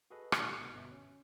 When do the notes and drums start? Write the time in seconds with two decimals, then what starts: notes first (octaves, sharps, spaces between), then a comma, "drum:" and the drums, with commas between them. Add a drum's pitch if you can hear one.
0.10 F#4 G#4 A4 B4 D#5
0.32 A#2 D3 G4 C#5 G#5, drum: rim click
0.58 C2 B2
0.73 G1 B2 E5
0.91 C#4